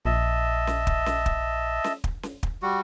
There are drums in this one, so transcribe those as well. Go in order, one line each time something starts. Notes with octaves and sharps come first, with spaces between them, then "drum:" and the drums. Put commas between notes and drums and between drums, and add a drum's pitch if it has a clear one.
A#1 D#5 E5 A5
drum: snare C#4
drum: kick
drum: snare C#4
drum: kick
drum: snare C#4
drum: kick
drum: snare C#4
drum: kick
G3 F#4